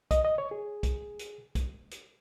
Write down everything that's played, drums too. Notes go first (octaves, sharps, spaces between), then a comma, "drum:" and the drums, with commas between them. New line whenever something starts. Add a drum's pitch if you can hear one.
D#5, drum: kick, hi-hat
D#5
C#5
G#4
drum: kick, hi-hat
drum: hi-hat
drum: kick, hi-hat
drum: hi-hat